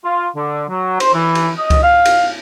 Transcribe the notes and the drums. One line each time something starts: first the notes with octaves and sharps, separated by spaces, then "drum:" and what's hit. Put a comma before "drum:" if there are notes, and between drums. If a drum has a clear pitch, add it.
F4
D3
F#3
C5, drum: cymbal
E3
drum: cymbal
D#5
drum: kick C#2, cymbal
F5
drum: cymbal